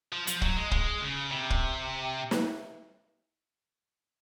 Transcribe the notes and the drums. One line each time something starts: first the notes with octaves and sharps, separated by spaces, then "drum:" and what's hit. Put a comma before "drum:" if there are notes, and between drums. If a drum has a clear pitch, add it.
F3
F3, drum: hi-hat
F#3, drum: kick
G#3
G#3, drum: kick
C#3
C3
drum: kick
drum: snare